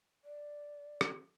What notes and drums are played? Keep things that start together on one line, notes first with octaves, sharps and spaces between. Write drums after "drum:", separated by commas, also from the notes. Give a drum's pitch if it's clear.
D5
drum: rim click